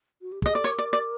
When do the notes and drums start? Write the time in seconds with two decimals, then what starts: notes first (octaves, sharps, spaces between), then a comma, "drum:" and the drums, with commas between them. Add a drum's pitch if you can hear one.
0.22 F#4
0.32 G4
0.42 G#4 D#5, drum: kick
0.54 A4 D5
0.64 A#4 C#5, drum: hi-hat
0.79 D5
0.93 D5